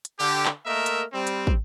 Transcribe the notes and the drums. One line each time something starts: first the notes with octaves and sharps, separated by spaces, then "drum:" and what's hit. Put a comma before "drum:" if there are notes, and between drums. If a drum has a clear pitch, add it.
drum: hi-hat
D3 G4
drum: clap
A3 A#3 A#4 D#5 E5
drum: hi-hat
G3 C4
drum: hi-hat
drum: kick